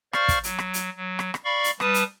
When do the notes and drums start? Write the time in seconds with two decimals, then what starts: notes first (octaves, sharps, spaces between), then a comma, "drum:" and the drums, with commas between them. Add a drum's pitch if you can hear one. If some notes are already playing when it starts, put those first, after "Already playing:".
0.13 C5 D5 F5 C#6 F6 A6, drum: rim click
0.28 drum: kick, hi-hat
0.44 F#3, drum: hi-hat
0.59 drum: rim click
0.74 drum: hi-hat
0.96 F#3
1.19 drum: rim click
1.34 drum: rim click
1.45 D5 F5 B5 C#6
1.64 drum: hi-hat
1.80 G3 B4 A5 D#6, drum: rim click
1.94 drum: hi-hat